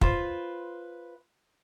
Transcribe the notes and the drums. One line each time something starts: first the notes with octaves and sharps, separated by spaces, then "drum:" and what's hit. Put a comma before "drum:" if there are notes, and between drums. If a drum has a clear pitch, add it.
F4 B4 C5, drum: kick